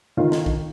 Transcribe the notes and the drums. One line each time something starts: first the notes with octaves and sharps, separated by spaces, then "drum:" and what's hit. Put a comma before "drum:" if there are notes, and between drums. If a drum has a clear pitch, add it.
D#3 F4
drum: snare
drum: kick